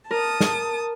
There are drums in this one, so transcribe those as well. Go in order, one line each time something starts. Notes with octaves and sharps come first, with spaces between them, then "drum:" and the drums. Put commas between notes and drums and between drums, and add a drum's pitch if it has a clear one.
A#4 A5 D#6
drum: snare